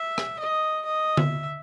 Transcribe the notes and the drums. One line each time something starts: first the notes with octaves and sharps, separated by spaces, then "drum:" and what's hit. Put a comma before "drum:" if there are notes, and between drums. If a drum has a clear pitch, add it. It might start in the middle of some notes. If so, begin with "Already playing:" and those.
Already playing: E5
drum: rim click
D#5
D#5
E5, drum: tom D3